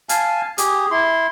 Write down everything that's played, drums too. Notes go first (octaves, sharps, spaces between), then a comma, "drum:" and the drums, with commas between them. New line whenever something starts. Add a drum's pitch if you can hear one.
F5 G#5 A5, drum: hi-hat
G4 G#4, drum: hi-hat
E4 C6